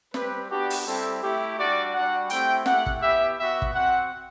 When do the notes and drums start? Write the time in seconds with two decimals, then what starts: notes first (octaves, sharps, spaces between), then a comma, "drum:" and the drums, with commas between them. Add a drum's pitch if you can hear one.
0.14 G3 C4 G4 B4, drum: snare
0.50 B3 D4 F#4 G4
0.70 drum: open hi-hat
0.86 G3 C4 E4 G4 A4
1.23 A3 E4 G4
1.59 G3 D4 F#4 D5
1.94 G3 D4 F#4 F#5
2.30 A3 C4 E4 G4 G5, drum: hi-hat
2.66 A3 E4 G4 F#5, drum: snare
2.86 drum: kick
3.02 B3 E4 G4 E5
3.38 B3 F#4 E5
3.62 drum: kick
3.74 C4 F#4 F#5